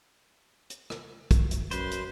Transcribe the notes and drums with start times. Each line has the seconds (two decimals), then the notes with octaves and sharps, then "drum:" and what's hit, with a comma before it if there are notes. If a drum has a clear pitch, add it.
0.70 drum: hi-hat
0.90 drum: rim click
1.31 drum: kick, hi-hat
1.51 drum: hi-hat
1.71 F#2 B4 C5 C6, drum: hi-hat
1.91 drum: hi-hat